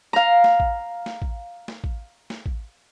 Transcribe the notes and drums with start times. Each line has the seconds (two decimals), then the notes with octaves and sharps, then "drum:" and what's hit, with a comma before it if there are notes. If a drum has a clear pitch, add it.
0.13 F5 A#5
0.44 drum: snare
0.60 drum: kick
1.06 drum: snare
1.22 drum: kick
1.68 drum: snare
1.84 drum: kick
2.30 drum: snare
2.46 drum: kick